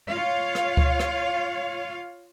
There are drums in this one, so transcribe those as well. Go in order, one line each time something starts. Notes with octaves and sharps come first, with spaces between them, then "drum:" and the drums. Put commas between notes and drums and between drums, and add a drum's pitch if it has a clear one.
F4 C#5 F5
drum: rim click
drum: kick C#2
drum: rim click